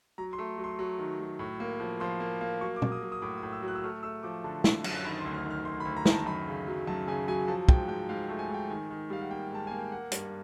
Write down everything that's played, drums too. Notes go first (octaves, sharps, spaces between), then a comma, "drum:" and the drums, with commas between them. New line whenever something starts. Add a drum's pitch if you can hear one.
F#3 A#5
C6
A3
F#3
C6
F#3
D#3
F#3
A2
A#3
F3
F3 C6
A#3
A#3
F#3 C#6
D6
F#3, drum: tom
D#6
F#3
D#6
A2 D6
D#6
A2
E6
F#3
F#6
E6
A3 F6
A3 E6
F3 D6
D3 A5
D3, drum: snare
F#2, drum: cymbal
D#3 B5
C6
D2
F6
D#3
F6
D2 C6
B5
D2
A#5
D#3, drum: snare
A5
F#2 B5
C#3
F#3
F#2 A5
C#3 G#5
F#3 G#5
F3 A5
G#2 G5, drum: kick
G#2 G5
G#2 F5
G5
A3
G#5
G#2 G5
D#3 G#5
D#3
G3 F5
F#5
A#3 G5
G#2 A5
A#3 G#5
G5
A#3 F#5
G2, drum: hi-hat